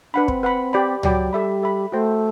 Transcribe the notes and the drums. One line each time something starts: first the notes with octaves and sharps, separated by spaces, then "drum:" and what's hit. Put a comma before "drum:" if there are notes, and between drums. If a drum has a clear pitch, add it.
D4 B4 F#5 B5
C4, drum: kick
B4 F#5 B5
G4 D5 G5 B5
F#3 G4 D5 G5 B5, drum: tom C#2
G3 A4 E5 B5
A4 E5 B5
A3 F#4 C5 G5